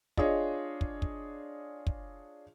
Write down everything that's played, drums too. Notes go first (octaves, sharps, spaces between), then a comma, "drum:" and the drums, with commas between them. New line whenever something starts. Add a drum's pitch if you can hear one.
D4 F4 G#4 C#5 D#5, drum: kick
drum: kick
drum: kick
drum: kick